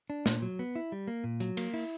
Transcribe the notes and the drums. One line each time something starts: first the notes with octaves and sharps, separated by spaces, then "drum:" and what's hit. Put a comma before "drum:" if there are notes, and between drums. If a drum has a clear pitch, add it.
D4
A#2, drum: snare
F#3
B3
E4
G3
A#3
A#2
F#3, drum: hi-hat
A#3, drum: cymbal
E4